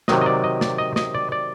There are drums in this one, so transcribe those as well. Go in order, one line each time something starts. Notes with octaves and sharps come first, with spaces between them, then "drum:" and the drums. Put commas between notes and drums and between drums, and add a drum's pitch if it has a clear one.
C3 D#3 F#3 D#5, drum: snare
D#5
D5
D#5
D5, drum: snare
D#5
D#5, drum: snare
D5
D5